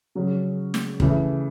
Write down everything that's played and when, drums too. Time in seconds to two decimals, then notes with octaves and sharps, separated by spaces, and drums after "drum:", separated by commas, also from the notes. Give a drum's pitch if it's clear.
0.15 C#3 F#3 C#4 G#4
0.74 drum: snare
1.00 C#3 E3 A3, drum: kick